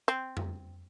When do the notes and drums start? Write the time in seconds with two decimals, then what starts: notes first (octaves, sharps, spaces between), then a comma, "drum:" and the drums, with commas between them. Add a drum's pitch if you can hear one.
0.08 C4
0.37 drum: tom F2